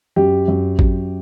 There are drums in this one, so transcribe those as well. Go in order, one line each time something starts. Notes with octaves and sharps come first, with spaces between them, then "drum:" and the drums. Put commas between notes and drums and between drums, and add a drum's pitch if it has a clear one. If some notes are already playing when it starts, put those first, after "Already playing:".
F#2 G4
F#2
F#2, drum: kick G#1